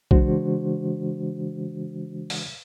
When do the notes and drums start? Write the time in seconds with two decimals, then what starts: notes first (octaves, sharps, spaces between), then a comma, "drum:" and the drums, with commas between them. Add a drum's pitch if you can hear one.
0.11 C#3 E3 G#3 D4 F#4 C5, drum: kick B1
2.30 drum: open hi-hat